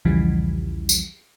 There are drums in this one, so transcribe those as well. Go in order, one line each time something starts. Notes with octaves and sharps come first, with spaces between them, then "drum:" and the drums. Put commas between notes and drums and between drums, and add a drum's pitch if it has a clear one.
B1 E2 C#3 E3 F3 G3
drum: tambourine